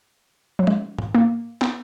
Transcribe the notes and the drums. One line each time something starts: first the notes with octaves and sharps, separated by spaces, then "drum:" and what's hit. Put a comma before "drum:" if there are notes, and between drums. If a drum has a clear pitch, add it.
F#3
G#3, drum: tom
drum: tom
A#3
B3, drum: clap